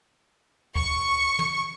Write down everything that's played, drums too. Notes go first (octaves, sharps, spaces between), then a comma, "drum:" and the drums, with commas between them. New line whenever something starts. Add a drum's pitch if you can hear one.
C#6, drum: kick D2
drum: tom